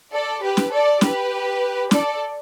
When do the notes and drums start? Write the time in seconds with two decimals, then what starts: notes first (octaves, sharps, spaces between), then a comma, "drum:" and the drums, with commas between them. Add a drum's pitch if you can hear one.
0.12 A4 D5
0.42 G4 B4
0.57 drum: snare
0.72 A4 D5
1.01 G4 B4, drum: snare
1.91 A4 D5, drum: snare